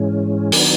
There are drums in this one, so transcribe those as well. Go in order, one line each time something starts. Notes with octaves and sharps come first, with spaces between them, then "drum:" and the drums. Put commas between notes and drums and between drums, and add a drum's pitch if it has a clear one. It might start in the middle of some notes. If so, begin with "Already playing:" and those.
Already playing: G#2 E3 G#3 C#4
D#3 F#3 B3 D4, drum: open hi-hat